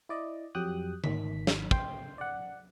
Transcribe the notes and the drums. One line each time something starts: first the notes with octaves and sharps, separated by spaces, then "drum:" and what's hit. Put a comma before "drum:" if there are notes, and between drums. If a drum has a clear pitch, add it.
E4 D5 D#5
F2 F#3 G4 G5 D#6 F#6
G#1 D#3 B6, drum: tom D3
drum: snare
G5 C6, drum: kick
D5 F#5